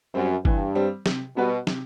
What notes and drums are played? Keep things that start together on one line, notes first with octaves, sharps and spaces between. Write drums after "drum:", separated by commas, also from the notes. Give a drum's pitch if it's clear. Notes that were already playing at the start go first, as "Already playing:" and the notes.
F#2 G3 C4
G2 E3, drum: kick
G3 C4
C3, drum: snare
B2 G3 B3 F#4 B4
C3, drum: snare